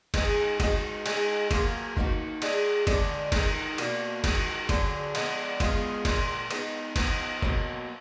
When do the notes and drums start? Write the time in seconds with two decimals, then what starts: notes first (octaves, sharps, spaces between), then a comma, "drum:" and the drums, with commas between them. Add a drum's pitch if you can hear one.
0.14 G#3 B3 D#4 G#4, drum: kick, cymbal
0.60 G#3 D#4 F#4, drum: kick, cymbal
1.06 G#3 D#4 G#4, drum: cymbal
1.51 F#3 A#3 F4 G#4, drum: kick, cymbal
1.97 D#3 A#3 D#4 F#4, drum: kick
2.42 G#3 D4 G#4, drum: cymbal
2.87 D3 G#3 D4, drum: kick, cymbal
3.32 D#3 G#3 D#4, drum: kick, cymbal
3.78 B2 A#3 D4 F#4, drum: cymbal
4.24 D#3 G#3 D#4 F#4, drum: kick, cymbal
4.69 D3 F#3 D4 G#4, drum: kick, cymbal
5.15 F3 G#3 B3 D4, drum: cymbal
5.60 G#3 B3 F4 G#4, drum: kick, cymbal
6.05 A#2 F3 G#3, drum: kick, cymbal
6.51 G#3 B3 D#4, drum: cymbal
6.96 F3 B3 D#4, drum: kick, cymbal
7.42 B2 F#3 A#3, drum: kick